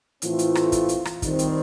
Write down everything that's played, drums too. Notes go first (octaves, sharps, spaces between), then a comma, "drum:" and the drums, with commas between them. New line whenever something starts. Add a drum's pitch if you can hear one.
A2 E3 A3 C4 F4, drum: hi-hat
drum: hi-hat
drum: rim click
drum: kick, hi-hat
drum: hi-hat
drum: rim click
D#3 G3 C4, drum: kick, hi-hat
drum: hi-hat